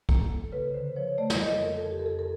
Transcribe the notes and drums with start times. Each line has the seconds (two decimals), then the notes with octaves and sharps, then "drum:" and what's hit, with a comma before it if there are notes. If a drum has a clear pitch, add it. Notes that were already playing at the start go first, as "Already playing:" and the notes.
0.09 A#3, drum: kick
0.30 F3 A4
0.52 C#3 B4
0.74 D3 C5
0.96 F3 C#5
1.18 A3 D5
1.30 drum: snare
1.40 F2 D#5
1.52 A4
1.62 F2 A#4
1.77 A4
1.84 F2
1.91 G4
1.99 A#4
2.06 F2 A4
2.19 A#4